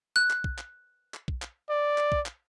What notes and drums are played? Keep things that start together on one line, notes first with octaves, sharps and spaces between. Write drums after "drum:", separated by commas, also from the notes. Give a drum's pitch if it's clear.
F#6
drum: clap
drum: kick
drum: clap
drum: clap
drum: kick
drum: clap
D5
drum: clap
drum: kick
drum: clap